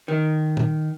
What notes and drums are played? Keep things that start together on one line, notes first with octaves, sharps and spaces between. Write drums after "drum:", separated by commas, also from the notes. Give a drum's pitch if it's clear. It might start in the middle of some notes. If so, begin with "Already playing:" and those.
D#3
drum: tom